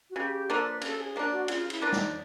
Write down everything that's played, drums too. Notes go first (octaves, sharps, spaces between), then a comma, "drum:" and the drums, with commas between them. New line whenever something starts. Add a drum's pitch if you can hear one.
F#4
C#3 G4
G4
F3 A#3 D4 A4
B4
C#3 A4, drum: cymbal
G#4
F3 A#3 D4
F#4
C#3 F4, drum: cymbal
E4, drum: cymbal
F3 A#3 D4
D#4, drum: snare